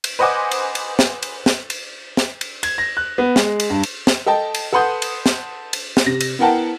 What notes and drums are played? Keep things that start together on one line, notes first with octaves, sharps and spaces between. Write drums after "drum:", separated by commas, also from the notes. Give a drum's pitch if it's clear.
drum: cymbal
B4 C5 D#5 F#5 G#5 D6
drum: cymbal
drum: cymbal
drum: snare
drum: cymbal
drum: snare
drum: cymbal
drum: snare
drum: cymbal
G#6, drum: cymbal
A#6
F#6
B3
G#3, drum: snare
drum: cymbal
G2
drum: cymbal
drum: snare
A4 D#5 G5 A5
drum: cymbal
A4 B4 F#5 C6 D#6 G6
drum: cymbal
drum: snare
drum: cymbal
drum: snare
C3 A#6
drum: cymbal
B3 E4 A#4 F#5 G5 A5